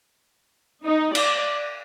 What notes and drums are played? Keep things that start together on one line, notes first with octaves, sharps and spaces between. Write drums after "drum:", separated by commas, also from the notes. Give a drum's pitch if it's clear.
D#4
D5, drum: cymbal